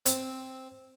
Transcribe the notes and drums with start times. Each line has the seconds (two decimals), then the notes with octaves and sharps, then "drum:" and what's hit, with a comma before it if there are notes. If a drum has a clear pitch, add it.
0.06 C4, drum: hi-hat